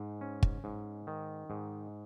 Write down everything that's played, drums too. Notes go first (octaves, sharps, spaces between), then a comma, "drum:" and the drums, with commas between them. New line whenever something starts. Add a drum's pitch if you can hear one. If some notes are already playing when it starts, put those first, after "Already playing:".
Already playing: G#2
C#4
drum: kick
G#2
D#3
G#2